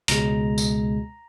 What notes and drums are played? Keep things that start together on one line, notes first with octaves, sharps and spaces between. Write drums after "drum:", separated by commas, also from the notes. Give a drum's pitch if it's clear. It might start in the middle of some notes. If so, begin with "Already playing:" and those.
C#2 B2 G#3 A#5, drum: hi-hat
drum: tambourine